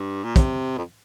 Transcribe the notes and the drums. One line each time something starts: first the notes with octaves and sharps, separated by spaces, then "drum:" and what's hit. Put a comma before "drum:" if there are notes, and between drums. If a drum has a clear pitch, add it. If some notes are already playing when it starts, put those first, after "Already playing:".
Already playing: G2
A#2
C3, drum: kick, hi-hat
F2